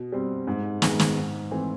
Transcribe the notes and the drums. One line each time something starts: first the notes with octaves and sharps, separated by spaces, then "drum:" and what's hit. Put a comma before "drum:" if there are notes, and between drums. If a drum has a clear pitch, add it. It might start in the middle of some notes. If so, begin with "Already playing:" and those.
Already playing: B2
G3 C4
G#2
D#3 G#3 B3, drum: snare
drum: snare
G#2
E3 A3 C4